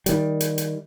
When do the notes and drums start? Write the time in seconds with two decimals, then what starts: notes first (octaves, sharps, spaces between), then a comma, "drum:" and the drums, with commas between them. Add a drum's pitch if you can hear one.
0.06 D#3 G3, drum: hi-hat
0.41 drum: hi-hat
0.58 drum: hi-hat